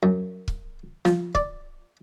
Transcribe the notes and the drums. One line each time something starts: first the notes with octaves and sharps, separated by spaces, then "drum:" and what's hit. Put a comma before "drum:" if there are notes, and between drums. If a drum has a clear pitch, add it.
F#2
drum: kick
F3, drum: snare
D5, drum: kick